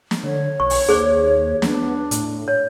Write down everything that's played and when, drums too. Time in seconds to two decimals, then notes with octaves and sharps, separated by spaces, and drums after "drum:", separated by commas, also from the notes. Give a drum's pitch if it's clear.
0.11 drum: snare
0.23 D3 C#5
0.60 B1 C#6
0.70 drum: open hi-hat
0.89 D#2 G#4 C5 D5
1.62 B3 D4, drum: snare
2.11 A2, drum: hi-hat
2.48 C#5